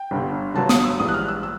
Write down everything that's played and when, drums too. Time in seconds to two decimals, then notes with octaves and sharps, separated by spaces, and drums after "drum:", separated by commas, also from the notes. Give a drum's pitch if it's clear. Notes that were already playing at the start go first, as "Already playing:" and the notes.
Already playing: G5
0.11 G1 G2 D3
0.55 G1 G2 D3 F#3 A5
0.69 D#6, drum: snare
0.84 E6
0.99 A#1 G#2 E3 G3 D#6
1.08 F#6
1.14 F6
1.28 E6
1.43 E6